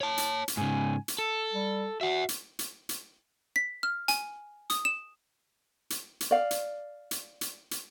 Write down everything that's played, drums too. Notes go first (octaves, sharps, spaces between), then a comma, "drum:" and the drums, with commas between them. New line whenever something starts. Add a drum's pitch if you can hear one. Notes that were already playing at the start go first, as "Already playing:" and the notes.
C#5 A5
drum: hi-hat
drum: hi-hat
G#2 C#3 G#5
drum: hi-hat
A4 E6
G3
F#4 E5 F#5
drum: hi-hat
drum: hi-hat
drum: hi-hat
B6
F6
G#5, drum: hi-hat
D#6, drum: hi-hat
E7
drum: hi-hat
drum: hi-hat
D5 F5
drum: hi-hat
drum: hi-hat
drum: hi-hat
drum: hi-hat